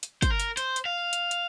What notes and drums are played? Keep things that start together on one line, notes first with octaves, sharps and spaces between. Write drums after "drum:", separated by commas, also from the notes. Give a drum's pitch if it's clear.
drum: hi-hat
C5, drum: kick, hi-hat
A#4
drum: hi-hat
C5, drum: hi-hat
drum: hi-hat
F5
drum: hi-hat
drum: hi-hat